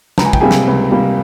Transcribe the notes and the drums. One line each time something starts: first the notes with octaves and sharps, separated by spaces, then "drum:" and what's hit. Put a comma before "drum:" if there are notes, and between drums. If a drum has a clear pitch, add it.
C#2 A#5, drum: snare
G#5
G5, drum: kick
C3 G3 A#3 G#4 G#5
drum: snare
C#2
C3 G3 A#3